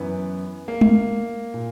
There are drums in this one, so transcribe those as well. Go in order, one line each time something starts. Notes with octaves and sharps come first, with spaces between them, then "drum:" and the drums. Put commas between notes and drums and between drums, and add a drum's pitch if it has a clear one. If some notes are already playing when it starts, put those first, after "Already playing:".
Already playing: F#2 E3 B3
A#3
drum: tom G#3
A#2